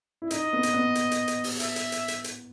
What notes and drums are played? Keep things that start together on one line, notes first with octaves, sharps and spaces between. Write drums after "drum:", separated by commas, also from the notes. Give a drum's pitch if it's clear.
E4
D#4 D#5, drum: hi-hat
B3
drum: hi-hat
B3
drum: hi-hat
drum: hi-hat
drum: hi-hat
drum: open hi-hat
E5, drum: hi-hat
drum: hi-hat
drum: hi-hat
drum: hi-hat
drum: hi-hat